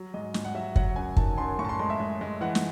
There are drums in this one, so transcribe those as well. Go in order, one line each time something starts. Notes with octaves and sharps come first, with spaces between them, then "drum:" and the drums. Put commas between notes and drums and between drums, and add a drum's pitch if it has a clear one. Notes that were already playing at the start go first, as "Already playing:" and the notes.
Already playing: F#3
G#2 D#5
G#2, drum: snare
F#5
F#3 E5
F#3 F#5, drum: kick
F#2 G#5
D#3 A5, drum: kick
F#2 C6
A2 C#6
A5
C6
G#3 C6
E5
G#3
G#3
E3 F#5
drum: snare